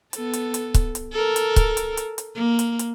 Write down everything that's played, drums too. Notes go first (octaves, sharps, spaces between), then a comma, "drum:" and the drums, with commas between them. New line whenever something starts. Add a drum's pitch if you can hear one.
B3 A4, drum: hi-hat
drum: hi-hat
drum: hi-hat
drum: kick C#1, hi-hat
drum: hi-hat
A4 A#4
drum: hi-hat
drum: kick C#1, hi-hat
drum: hi-hat
drum: hi-hat
drum: hi-hat
A#3
drum: hi-hat
drum: hi-hat